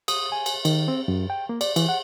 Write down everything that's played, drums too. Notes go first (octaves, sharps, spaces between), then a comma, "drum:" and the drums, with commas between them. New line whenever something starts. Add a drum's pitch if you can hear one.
D#6, drum: cymbal
G#5
drum: cymbal
D#3, drum: cymbal
C4
F#2
G5
A#3
D5, drum: cymbal
E3, drum: cymbal
F#5